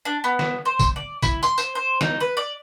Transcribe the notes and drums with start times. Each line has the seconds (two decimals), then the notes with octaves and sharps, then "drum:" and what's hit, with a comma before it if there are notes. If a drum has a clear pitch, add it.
0.05 D4
0.24 B3
0.39 drum: snare
0.65 C5
0.79 drum: kick, tambourine
0.96 D5
1.23 E4, drum: kick, tambourine
1.43 C6, drum: tambourine
1.58 C5, drum: tambourine
1.75 C5
2.01 D#4, drum: snare
2.20 B4
2.37 D5